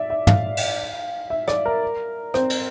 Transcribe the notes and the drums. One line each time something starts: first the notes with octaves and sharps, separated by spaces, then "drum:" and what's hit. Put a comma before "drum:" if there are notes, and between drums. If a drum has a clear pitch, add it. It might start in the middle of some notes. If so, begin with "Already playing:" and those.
Already playing: D5 E5
E5
F5, drum: tom
drum: cymbal
E5
D5, drum: rim click
A#4
C4, drum: rim click
drum: cymbal